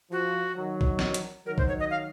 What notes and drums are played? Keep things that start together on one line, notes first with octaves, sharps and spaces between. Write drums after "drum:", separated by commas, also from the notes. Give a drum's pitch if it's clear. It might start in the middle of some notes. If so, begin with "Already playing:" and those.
F3 F#4
D#3 F#3
drum: kick
drum: snare
drum: hi-hat
D#3 F#3 A#4
C5, drum: kick
C#5
D#5
F5